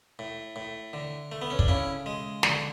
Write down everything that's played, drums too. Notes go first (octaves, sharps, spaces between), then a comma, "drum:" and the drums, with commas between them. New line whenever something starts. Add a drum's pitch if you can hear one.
A2
A2
D3
A3
B3
C#4
D4, drum: kick
C#3 C#4 E4
G#3
D3, drum: snare